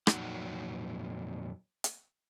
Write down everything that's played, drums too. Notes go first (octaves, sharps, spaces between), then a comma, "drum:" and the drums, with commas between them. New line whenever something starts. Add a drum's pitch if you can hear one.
F2 A#2 F#3 D#4 F#5, drum: rim click
drum: hi-hat